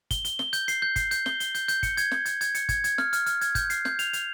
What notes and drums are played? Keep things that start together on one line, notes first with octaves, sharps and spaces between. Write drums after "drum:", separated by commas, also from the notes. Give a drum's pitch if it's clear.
G7, drum: kick, hi-hat
G7, drum: hi-hat
G7, drum: snare
G6, drum: hi-hat
C7, drum: hi-hat
G6
C7, drum: kick, hi-hat
G6, drum: hi-hat
G7, drum: snare
G7, drum: hi-hat
G6, drum: hi-hat
G6, drum: hi-hat
C#7, drum: kick, hi-hat
G#6, drum: hi-hat
G#6, drum: snare
G#6, drum: hi-hat
G#6, drum: hi-hat
C#7, drum: hi-hat
G#6, drum: kick, hi-hat
G#6, drum: hi-hat
F6, drum: snare
F6, drum: hi-hat
F6, drum: hi-hat
G#6, drum: hi-hat
G6, drum: kick, hi-hat
C7, drum: hi-hat
G6, drum: snare
F7, drum: hi-hat
F7, drum: hi-hat